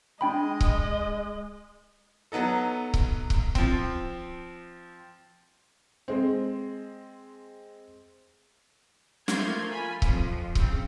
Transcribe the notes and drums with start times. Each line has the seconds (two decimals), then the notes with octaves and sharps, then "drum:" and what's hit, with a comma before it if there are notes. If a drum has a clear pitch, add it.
0.21 G#3 D4 D#5 G5 B5
0.61 drum: kick C#1
2.32 F#3 B3 D#4 A4
2.94 drum: kick C#1
3.30 drum: kick C#1
3.55 F3 C4, drum: kick C#1
6.08 G#3 C4
9.28 F3 A3 A#3 C6 G6 G#6, drum: snare
9.70 F4 G#5 B5
10.02 F2 F3, drum: kick C#1
10.55 C#3 C4, drum: kick C#1